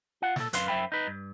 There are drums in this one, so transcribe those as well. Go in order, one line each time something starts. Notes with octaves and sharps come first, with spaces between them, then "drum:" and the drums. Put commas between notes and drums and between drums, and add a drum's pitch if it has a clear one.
F4 F5 F#5
A#2 A4, drum: snare
F#2 B4 F5 C6, drum: hi-hat
F#2 C5 E5 G5 B5
D#4 B4
G2